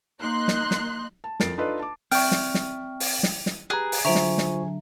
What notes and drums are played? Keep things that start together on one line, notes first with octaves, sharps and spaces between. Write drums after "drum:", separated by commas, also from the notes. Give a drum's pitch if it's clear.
A#3 D#4 C6 F#6
drum: snare
drum: snare
A5
F2 F3 A#4 A6 C7 D7, drum: snare
D4 D#4 F4 A4 B4 D#5
A5 D6
C4 D5 E5 G5 C#6 F6, drum: open hi-hat
drum: snare
drum: snare
drum: open hi-hat
drum: snare
drum: snare
G4 G#4 B4 A#5 F#6
drum: open hi-hat
D3 F#3 F4 C5 E5 A#5 C#6 D7
drum: snare
drum: snare